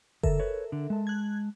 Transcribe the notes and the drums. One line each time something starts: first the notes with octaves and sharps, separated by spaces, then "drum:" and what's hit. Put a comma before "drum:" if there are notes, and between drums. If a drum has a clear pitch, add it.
D3 A4 A#4 E5, drum: kick F#1
B4 C#5
D3
G#3 A5
F#6 G#6